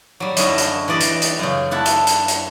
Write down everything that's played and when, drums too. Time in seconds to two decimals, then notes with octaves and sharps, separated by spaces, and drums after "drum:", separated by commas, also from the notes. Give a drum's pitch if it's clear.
0.20 F#3 G3
0.37 F#2 D3 C#4 E4 D#5, drum: hi-hat
0.58 drum: hi-hat
0.88 E3 G3 D5 D#5
1.00 drum: hi-hat
1.22 drum: hi-hat
1.39 F#2 C#3
1.71 D4 E4 A4 F#5
1.85 drum: hi-hat
2.07 drum: hi-hat
2.28 drum: hi-hat